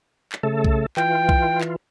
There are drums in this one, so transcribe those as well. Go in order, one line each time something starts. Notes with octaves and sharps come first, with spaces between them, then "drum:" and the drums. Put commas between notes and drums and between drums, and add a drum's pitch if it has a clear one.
drum: clap
C#3 A3 A4
drum: kick B1
E3 F4 G5, drum: clap
drum: kick B1
drum: clap